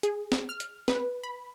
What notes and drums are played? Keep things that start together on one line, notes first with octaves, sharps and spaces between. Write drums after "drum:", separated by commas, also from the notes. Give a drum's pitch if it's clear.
G#4, drum: hi-hat
drum: snare
F6
drum: hi-hat
B4, drum: snare
B5